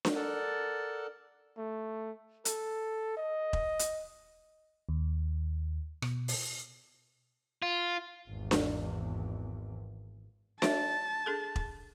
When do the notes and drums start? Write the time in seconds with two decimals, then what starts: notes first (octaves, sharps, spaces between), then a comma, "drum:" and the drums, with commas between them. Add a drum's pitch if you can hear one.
0.05 drum: snare D4
0.16 A4 A#4 D5 F#5 A5
1.58 A3
2.45 A4, drum: hi-hat
3.17 D#5
3.53 drum: kick E1
3.79 drum: hi-hat
4.89 D#2
6.02 B2, drum: rim click
6.28 drum: open hi-hat
7.62 F4
8.28 G#1 E2
8.51 drum: snare D4
10.62 F#4 C#5 E5 A5, drum: snare D4
11.26 D4 G#4 A4
11.56 drum: kick E1